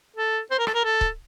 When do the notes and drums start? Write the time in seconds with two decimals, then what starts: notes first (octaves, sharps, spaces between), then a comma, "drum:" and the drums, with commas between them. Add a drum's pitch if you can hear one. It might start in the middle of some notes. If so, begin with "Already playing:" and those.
0.16 A4
0.51 C5
0.59 A#4
0.67 A4, drum: rim click
0.74 A#4
0.84 A4
1.01 drum: kick C#1